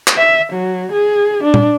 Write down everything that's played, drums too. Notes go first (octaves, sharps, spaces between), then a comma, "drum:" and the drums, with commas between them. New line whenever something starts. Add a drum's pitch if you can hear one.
drum: clap
E5
F#3
G#4
D4
drum: tom